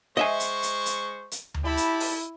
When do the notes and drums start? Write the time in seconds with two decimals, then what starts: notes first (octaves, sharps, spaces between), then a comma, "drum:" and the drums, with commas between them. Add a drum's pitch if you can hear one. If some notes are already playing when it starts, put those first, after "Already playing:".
0.17 G#3 C5 D#5 E5 G#5 C#6
0.40 drum: hi-hat
0.63 drum: hi-hat
0.86 drum: hi-hat
1.31 drum: hi-hat
1.54 drum: tom D2
1.65 E4 G4 A5 B5
1.77 drum: hi-hat
2.00 drum: open hi-hat